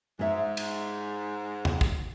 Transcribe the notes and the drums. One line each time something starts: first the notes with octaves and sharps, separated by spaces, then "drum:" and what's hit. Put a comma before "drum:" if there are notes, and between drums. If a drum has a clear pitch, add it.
G#2 G#3 E5
drum: cymbal
drum: tom E2
drum: kick